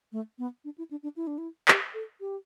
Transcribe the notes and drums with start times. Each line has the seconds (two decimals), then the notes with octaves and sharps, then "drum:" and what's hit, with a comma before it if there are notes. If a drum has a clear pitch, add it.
0.12 A3
0.39 B3
0.64 D4
0.78 E4
0.91 D4
1.03 D4
1.16 E4
1.27 D4
1.38 E4
1.68 G4, drum: clap
1.94 A4
2.20 G4